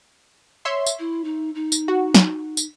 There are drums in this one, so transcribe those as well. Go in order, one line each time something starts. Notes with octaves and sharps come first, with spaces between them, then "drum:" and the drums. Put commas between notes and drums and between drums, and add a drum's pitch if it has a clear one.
C#5 E5 C6
drum: tambourine
E4
D#4
D#4
drum: tambourine
F#4
drum: snare
drum: tambourine